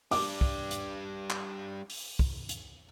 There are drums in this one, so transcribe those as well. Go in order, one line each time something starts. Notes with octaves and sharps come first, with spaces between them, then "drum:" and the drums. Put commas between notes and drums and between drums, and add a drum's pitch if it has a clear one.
G3 D4 D6, drum: open hi-hat
drum: kick
drum: hi-hat
drum: clap
drum: open hi-hat
drum: kick
drum: hi-hat